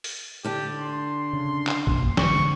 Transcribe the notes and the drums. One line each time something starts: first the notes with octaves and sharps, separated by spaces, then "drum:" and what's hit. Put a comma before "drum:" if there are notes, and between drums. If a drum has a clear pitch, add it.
drum: open hi-hat
D3 D4 G4
C6
C#3
drum: clap
F#2 B2 A#3, drum: kick
G#2 D3 C#6, drum: snare